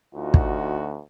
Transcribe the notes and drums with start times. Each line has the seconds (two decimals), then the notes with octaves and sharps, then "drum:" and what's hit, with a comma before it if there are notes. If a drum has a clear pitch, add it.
0.15 D2 D#4 F4 F#4
0.34 drum: kick